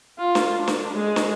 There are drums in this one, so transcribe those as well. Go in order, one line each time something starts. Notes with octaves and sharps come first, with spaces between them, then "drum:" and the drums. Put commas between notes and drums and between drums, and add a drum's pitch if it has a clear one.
F4
drum: snare
D4
drum: snare
G#3
drum: snare